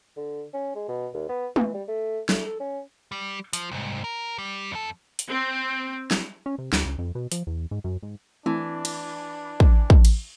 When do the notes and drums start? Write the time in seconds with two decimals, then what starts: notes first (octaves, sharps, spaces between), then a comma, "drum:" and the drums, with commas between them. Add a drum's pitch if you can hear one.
0.17 D3
0.53 C#4
0.75 G#3
0.88 B2
1.14 D#2
1.29 B3
1.56 E3, drum: tom
1.74 G3
1.88 A3
2.29 A3, drum: snare
2.46 A4
2.60 C#4
3.12 G3
3.53 F3, drum: hi-hat
3.72 C2 G#2
4.04 A#4
4.38 G3
4.72 F2 A4
5.19 drum: hi-hat
5.29 C4
6.11 drum: snare
6.46 C#4
6.58 C3
6.73 D2, drum: snare
6.86 C#2
6.98 F2
7.15 B2
7.32 F3, drum: hi-hat
7.47 E2
7.71 G#2
7.84 F#2
8.03 G#2
8.46 E3 A3 C4 D4 E4
8.85 drum: cymbal
9.60 drum: kick
9.90 drum: kick
10.05 drum: cymbal